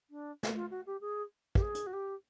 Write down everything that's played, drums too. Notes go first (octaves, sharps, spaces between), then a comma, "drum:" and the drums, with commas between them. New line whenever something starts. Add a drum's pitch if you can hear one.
D4
drum: snare
F4
F#4
G4
G#4
G4, drum: kick
G#4
drum: hi-hat
F#4
G4